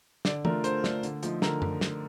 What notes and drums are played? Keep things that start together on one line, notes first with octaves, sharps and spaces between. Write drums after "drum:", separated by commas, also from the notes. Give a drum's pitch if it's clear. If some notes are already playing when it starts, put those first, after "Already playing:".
D3 D5, drum: snare
A3 D4 F4 A#4, drum: tom E3
D3 C5, drum: hi-hat
A3 D4 F4, drum: snare
D3, drum: hi-hat
F3 A3 D#4, drum: hi-hat
D3 A#4, drum: snare
drum: tom F#2
drum: snare